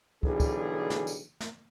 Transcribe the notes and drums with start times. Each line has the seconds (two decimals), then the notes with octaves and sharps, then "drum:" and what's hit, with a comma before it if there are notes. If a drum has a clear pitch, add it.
0.23 B1 D3 E3 G3 G#4, drum: kick
0.40 drum: kick, tambourine
0.90 drum: snare
1.07 drum: tambourine
1.41 drum: snare